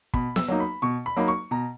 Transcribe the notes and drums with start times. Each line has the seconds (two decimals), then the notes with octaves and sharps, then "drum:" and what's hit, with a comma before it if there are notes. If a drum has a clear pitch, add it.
0.14 B2 B5, drum: kick
0.36 E6, drum: snare B3
0.48 F#3 A#3 D#4
0.60 B5
0.82 B2 C#6
1.06 B5
1.16 F#3 A#3 D#4 B5
1.28 C#6
1.51 B2 A#5